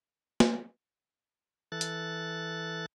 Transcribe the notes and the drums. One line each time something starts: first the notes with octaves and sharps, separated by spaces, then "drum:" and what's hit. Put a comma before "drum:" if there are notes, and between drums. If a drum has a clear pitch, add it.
drum: snare
E3 A4 F#6 A6
drum: hi-hat